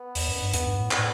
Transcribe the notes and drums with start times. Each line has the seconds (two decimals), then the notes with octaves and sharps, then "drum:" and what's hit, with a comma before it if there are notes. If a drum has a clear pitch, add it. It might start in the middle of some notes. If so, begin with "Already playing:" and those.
Already playing: B3
0.15 E2, drum: open hi-hat
0.28 F#2
0.41 G2
0.54 E2 B3, drum: hi-hat
0.66 G2
0.80 A2
0.91 B3, drum: clap
0.98 A2